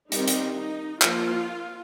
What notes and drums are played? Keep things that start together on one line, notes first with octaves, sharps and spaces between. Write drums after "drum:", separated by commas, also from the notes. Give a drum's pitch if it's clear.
D#3 G3 C4 D#4, drum: hi-hat
drum: hi-hat
D#4
F3 A#3 F4, drum: clap